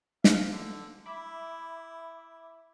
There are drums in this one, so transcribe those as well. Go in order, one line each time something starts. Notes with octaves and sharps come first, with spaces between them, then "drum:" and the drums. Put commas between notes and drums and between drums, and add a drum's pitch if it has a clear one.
F5, drum: snare
D3
E4 E5 B5 D6